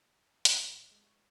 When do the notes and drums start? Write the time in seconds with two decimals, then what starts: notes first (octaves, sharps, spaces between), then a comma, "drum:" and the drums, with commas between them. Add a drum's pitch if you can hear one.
0.45 drum: hi-hat
0.55 C#7
0.69 G#1
0.92 G#3
1.07 C#6